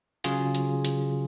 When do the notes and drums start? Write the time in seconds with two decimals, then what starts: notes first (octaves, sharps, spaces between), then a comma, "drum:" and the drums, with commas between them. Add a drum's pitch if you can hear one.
0.24 C#3 F#3 F4 G#4, drum: hi-hat
0.55 drum: hi-hat
0.85 drum: hi-hat